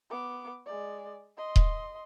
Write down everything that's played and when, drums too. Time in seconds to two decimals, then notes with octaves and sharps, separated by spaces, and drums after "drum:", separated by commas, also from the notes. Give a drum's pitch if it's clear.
0.10 B3 D6
0.66 G#3 D5
1.37 D#5 C6
1.56 drum: kick D#1